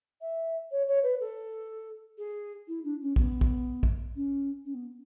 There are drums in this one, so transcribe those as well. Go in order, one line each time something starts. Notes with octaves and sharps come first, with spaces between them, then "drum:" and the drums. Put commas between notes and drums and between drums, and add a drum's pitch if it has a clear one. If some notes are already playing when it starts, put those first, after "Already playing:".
E5
C#5
C#5
B4
A4
G#4
E4
D4
C#4
B3, drum: kick
drum: kick
drum: kick
C#4
C#4
B3